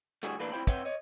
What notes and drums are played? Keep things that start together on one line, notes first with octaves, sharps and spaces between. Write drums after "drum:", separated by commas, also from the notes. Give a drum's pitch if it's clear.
A2 D3 G3 F#4 G#4, drum: hi-hat
A#2 E3 A3 A#3 D4 B4
C4 E4 F4 C5 G5 B5
C4 B4 C#5 E5 F#5 G5, drum: kick, hi-hat
C#5 D#5